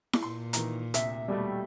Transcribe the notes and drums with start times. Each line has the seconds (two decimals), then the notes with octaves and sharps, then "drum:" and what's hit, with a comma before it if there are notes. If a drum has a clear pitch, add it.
0.13 drum: snare E4
0.23 A#2 C6
0.53 D#3 E3 A#5, drum: hi-hat
0.94 D2 C3 E5, drum: hi-hat
1.28 D#2 B2 G3 A3